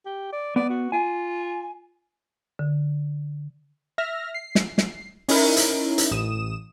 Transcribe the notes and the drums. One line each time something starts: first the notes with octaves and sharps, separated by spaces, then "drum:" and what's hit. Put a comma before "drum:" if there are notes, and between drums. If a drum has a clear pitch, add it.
G4
D5
B3 D5
F#4
F4 G#5
D3
E5 F6 A#6
C7
drum: snare
drum: snare
C#4 D#4 E4 A#4, drum: open hi-hat
drum: hi-hat
drum: hi-hat
A1 D#6 E7